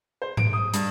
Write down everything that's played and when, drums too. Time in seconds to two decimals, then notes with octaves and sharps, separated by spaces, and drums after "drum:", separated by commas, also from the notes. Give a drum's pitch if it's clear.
0.22 C5
0.37 D7, drum: tom G#2
0.53 D#6
0.74 G2, drum: hi-hat